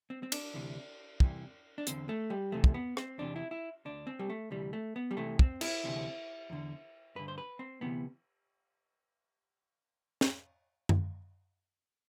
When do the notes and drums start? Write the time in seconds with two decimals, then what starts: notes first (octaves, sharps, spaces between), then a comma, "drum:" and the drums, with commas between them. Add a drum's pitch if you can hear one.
0.10 C4
0.23 C4
0.32 D4, drum: cymbal
0.54 D2 C3 E3
1.20 C2 C3 E3, drum: kick
1.78 D4
1.87 E2 D3 C4, drum: hi-hat
2.09 A3
2.30 G3
2.52 E2 C3 E3 A3
2.64 drum: kick
2.74 B3
2.97 C4, drum: rim click
3.18 E2 C3 E3 D4
3.36 E4
3.51 E4
3.85 D2 D3 D4
4.07 C4
4.19 G3
4.30 A3
4.51 D2 C3 E3 G3
4.73 A3
4.96 B3
5.11 G3
5.17 C2 C3 E3 A3
5.39 C4, drum: kick
5.61 E4, drum: cymbal
5.84 D2 C3 E3
6.50 E2 D3
7.15 G2 D3 B4
7.28 C5
7.38 B4
7.59 C4
7.81 D2 C3 E3 B3
10.21 drum: snare
10.89 drum: tom F#2